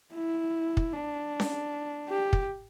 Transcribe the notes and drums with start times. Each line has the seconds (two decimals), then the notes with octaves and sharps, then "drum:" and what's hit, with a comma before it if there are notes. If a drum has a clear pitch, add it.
0.14 E4
0.77 drum: kick
0.92 D4
1.40 drum: snare C#4
2.10 G4
2.33 drum: kick